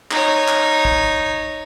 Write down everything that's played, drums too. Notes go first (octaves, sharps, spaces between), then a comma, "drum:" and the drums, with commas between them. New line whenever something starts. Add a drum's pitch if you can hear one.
D#4 C#5, drum: clap
drum: clap
drum: kick